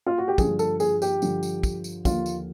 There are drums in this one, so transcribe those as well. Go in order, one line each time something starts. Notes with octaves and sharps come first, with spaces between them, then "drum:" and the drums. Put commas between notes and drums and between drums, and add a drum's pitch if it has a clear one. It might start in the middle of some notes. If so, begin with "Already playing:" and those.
F4
F#4
G4
G2 D3 F3 G#4, drum: kick, tambourine
A4, drum: tambourine
G#4, drum: tambourine
G4, drum: tambourine
G2 D3 F3, drum: tambourine
drum: tambourine
drum: kick, tambourine
drum: tambourine
D#2 D3 F3 F4, drum: kick, tambourine
drum: tambourine